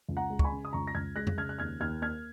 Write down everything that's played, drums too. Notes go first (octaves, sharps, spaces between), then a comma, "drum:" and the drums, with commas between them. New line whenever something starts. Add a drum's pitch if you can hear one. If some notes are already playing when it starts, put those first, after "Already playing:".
C#2
F#5 A#5
G#3
C#6, drum: kick
G#5 B5
C#3
D#6
C#2 A#5 C#6
A#6
C#2 F6 G#6
G#3 F#6 A#6
drum: tom F2
C#3 F6 G#6
F#6
D#2 F6 G#6
D#2 F6 G#6
A#3 F6 G#6